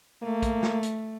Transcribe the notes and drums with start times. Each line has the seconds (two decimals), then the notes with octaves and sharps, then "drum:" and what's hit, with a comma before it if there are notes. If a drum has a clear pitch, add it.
0.22 A3 A#3
0.42 drum: kick, hi-hat
0.63 drum: snare
0.83 drum: hi-hat